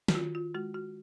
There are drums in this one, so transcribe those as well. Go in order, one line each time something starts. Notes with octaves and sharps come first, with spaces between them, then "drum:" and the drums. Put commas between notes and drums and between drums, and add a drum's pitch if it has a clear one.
F#4, drum: snare
D#3 F4
F4
G#3 F#4
F#4